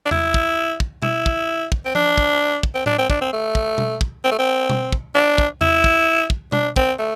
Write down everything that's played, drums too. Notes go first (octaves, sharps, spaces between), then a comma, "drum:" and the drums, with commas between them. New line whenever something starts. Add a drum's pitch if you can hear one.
D4
E4, drum: tom E2
drum: kick
drum: kick
E4, drum: tom B2
drum: kick
drum: kick
C4
D4, drum: tom F3
drum: kick
drum: kick
C4
D4, drum: tom A2
C4
D4, drum: kick
C4
A3
drum: kick
drum: tom B2
drum: kick
C4
A3
C4
drum: tom B2
drum: kick
D4
drum: kick
E4, drum: tom E2
drum: kick
drum: kick
D4, drum: tom B2
C4, drum: kick
A3